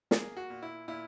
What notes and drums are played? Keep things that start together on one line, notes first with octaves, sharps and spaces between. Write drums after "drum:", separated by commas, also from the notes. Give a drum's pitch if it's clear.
A#3 G#4, drum: snare
F#4
A#2
E4
A#2 E4